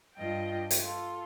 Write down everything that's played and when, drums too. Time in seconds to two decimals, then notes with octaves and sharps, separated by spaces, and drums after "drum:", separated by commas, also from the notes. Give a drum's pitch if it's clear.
0.15 G2 F4 D#5 G5
0.71 drum: hi-hat
0.82 F4 A4